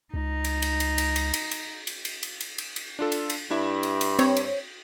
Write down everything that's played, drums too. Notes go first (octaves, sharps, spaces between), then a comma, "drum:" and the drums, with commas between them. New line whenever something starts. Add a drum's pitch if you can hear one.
C#2 D#4
drum: cymbal
drum: cymbal
drum: cymbal
drum: cymbal
drum: cymbal
drum: cymbal
drum: cymbal
drum: cymbal
drum: cymbal
drum: cymbal
drum: cymbal
drum: cymbal
drum: cymbal
D4 F4 A4
drum: cymbal
drum: cymbal
G2 D4 E4 E5
drum: cymbal
drum: cymbal
C4 C#5, drum: cymbal
drum: cymbal